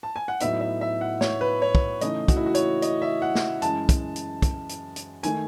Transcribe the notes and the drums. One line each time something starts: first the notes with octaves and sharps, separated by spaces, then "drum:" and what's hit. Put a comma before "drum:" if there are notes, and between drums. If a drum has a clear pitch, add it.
A5
G#5
F#5
A2 F#3 B3 D#4 E5, drum: hi-hat
E5
E5
F#5
C#5, drum: snare
B4
C#5
drum: kick
C#3 E3 A3 D#4 D#5, drum: hi-hat
F#4, drum: kick, hi-hat
E4
F#4
C#5, drum: hi-hat
D#5, drum: hi-hat
E5
F#5
drum: snare
F#2 E3 G#3 A5, drum: hi-hat
drum: kick, hi-hat
drum: hi-hat
drum: kick, hi-hat
drum: hi-hat
drum: hi-hat
D#3 A3 G#5, drum: hi-hat